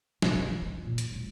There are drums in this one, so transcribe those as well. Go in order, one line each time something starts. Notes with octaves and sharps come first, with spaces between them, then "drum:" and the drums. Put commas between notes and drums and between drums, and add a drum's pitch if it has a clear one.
C3, drum: snare
E3
C#4
A#2
drum: hi-hat
E1